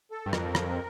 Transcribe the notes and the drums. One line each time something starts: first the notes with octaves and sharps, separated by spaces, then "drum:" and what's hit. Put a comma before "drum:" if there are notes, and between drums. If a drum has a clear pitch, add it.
A4
G2
F2 A#4, drum: rim click
drum: rim click